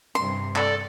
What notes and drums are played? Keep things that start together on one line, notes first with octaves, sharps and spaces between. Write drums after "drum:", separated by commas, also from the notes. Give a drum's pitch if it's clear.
G2 C3 C6
A4 D5, drum: clap